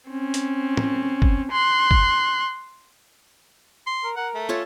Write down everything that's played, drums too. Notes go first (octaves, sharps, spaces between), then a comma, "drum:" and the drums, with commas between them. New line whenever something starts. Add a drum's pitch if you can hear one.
C4 C#4
drum: hi-hat
drum: tom
drum: kick
C6 F#6
drum: kick
C6
A#4
A#4 F#5
A3
C#4 F4 A4 C#5